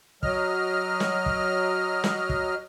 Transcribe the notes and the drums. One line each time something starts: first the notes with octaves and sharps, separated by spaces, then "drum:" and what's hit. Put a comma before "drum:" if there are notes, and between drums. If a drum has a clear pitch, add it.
F#3 D#5 F6, drum: kick
drum: snare
drum: kick
drum: snare
drum: kick